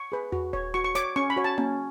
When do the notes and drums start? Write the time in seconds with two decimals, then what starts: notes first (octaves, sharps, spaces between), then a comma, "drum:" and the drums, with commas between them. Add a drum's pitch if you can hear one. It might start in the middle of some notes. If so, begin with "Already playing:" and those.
Already playing: C#6
0.12 G#4 B4
0.32 F#4, drum: tom E2
0.53 C#5, drum: kick D#1
0.74 F#4 C#6
0.84 C#6
0.95 C#5 D6, drum: snare
1.16 C#4 C#6
1.30 B5
1.37 F#4 C#5
1.44 A5
1.58 C#4, drum: tom A#3